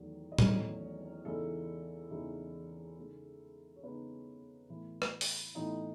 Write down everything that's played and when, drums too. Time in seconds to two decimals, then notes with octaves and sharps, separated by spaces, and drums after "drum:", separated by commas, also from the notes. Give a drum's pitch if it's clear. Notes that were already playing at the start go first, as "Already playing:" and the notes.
Already playing: E2 D#3 F#3 A3
0.32 D#5
0.39 E2 D#3 F#3 A3 C#4 D#4 C#5, drum: tom A2
1.25 E2 C#3 E3 G#3 D#4 A4
2.11 E2 C#3 E3 G#3 D#4
2.97 C#3 G#3 D#4
3.76 C#5
3.83 C#3 G#3 B3 D#4 B4
4.69 A2 E3 B3 E4
5.02 drum: rim click
5.21 drum: open hi-hat
5.55 A2 E3 B3 D#4 E4 D#5